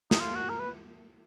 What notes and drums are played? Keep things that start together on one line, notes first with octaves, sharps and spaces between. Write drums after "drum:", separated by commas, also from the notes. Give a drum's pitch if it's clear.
D#4, drum: snare
F4
F#4
A#4
B4